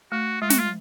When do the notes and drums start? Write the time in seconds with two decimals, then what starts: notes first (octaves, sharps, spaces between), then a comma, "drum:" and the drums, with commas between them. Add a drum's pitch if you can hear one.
0.12 A3 F#4
0.42 G#3 F4
0.50 F#4, drum: snare
0.59 F4